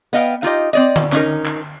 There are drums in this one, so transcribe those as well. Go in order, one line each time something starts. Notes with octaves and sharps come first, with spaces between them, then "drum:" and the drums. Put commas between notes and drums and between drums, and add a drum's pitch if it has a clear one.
B3 D#5 F5 G5
D#4 F4 G4 D#5
C4 D5 D#5
drum: tom D3
C#4 D#4 A#4, drum: clap
drum: clap